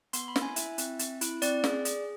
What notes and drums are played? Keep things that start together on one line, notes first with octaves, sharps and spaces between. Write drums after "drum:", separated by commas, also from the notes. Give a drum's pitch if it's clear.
B3 C6, drum: hi-hat
B5
E4, drum: snare
G#5
E4 E5, drum: hi-hat
C4, drum: hi-hat
C4, drum: hi-hat
E4, drum: hi-hat
C4 D5, drum: hi-hat
G#4, drum: snare
G#4, drum: hi-hat